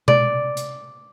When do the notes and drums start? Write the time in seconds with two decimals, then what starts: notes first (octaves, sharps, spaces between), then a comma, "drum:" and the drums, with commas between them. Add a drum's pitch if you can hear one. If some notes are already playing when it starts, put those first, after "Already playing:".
0.08 D5, drum: tom B2
0.57 drum: hi-hat